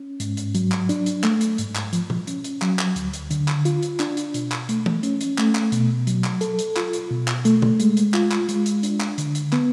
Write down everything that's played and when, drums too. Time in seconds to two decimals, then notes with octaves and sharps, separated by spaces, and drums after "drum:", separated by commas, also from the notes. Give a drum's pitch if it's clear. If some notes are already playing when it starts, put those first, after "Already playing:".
Already playing: C#4
0.20 G#2, drum: hi-hat
0.37 drum: hi-hat
0.55 F#3, drum: hi-hat
0.72 drum: clap
0.89 D4, drum: hi-hat
1.06 drum: hi-hat
1.24 A3, drum: clap
1.41 drum: hi-hat
1.58 G#2, drum: hi-hat
1.75 drum: clap
1.93 F3, drum: hi-hat
2.10 drum: tom
2.27 C#4, drum: hi-hat
2.44 drum: hi-hat
2.62 F#3, drum: clap
2.79 drum: clap
2.96 D2, drum: hi-hat
3.13 drum: hi-hat
3.31 D3, drum: hi-hat
3.48 drum: clap
3.65 F4, drum: hi-hat
3.83 drum: hi-hat
4.00 D4, drum: clap
4.17 drum: hi-hat
4.34 B2, drum: hi-hat
4.52 drum: clap
4.69 A3, drum: hi-hat
4.86 drum: tom
5.03 C#4, drum: hi-hat
5.21 drum: hi-hat
5.38 A3, drum: clap
5.55 drum: clap
5.72 B2, drum: hi-hat
6.07 F#3, drum: hi-hat
6.24 drum: clap
6.41 A4, drum: hi-hat
6.59 drum: hi-hat
6.76 F4, drum: clap
6.93 drum: hi-hat
7.11 B2
7.28 drum: clap
7.45 A3, drum: hi-hat
7.62 drum: tom
7.80 G#3, drum: hi-hat
7.97 drum: hi-hat
8.14 F4, drum: clap
8.31 drum: clap
8.49 G#3, drum: hi-hat
8.66 drum: hi-hat
8.83 D4, drum: hi-hat
9.00 drum: clap
9.18 D3, drum: hi-hat
9.35 drum: hi-hat
9.53 B3, drum: clap